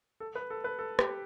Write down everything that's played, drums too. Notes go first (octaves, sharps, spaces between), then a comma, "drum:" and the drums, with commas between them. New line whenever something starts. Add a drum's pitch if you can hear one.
A4
B4
A4
B4
A4
G4, drum: rim click